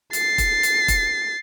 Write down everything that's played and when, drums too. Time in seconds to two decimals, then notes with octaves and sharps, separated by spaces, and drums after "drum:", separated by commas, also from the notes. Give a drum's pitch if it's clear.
0.13 A6 C7, drum: hi-hat
0.38 drum: kick E1, hi-hat
0.63 drum: hi-hat
0.88 drum: kick E1, hi-hat